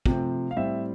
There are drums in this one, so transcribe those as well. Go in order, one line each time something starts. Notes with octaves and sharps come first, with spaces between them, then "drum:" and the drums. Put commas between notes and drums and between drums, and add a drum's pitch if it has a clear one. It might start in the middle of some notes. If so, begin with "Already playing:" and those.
C3 F3 A3 C4, drum: kick
F5
A2 G3 C4 E5